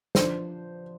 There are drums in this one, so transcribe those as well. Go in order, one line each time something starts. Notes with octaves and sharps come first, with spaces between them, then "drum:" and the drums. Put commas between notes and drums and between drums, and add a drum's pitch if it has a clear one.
F3 D4 C5, drum: snare